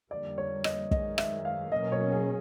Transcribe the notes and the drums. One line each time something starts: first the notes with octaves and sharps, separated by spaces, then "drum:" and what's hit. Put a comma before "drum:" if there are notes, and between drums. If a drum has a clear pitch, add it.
F2 D3 G3 A#3 D5
C#5
D#5, drum: rim click
F#2 D#3 G#3 D#5, drum: kick
E5, drum: rim click
F5
B2 F#3 A#3 C#4 D#5
C#5
G#4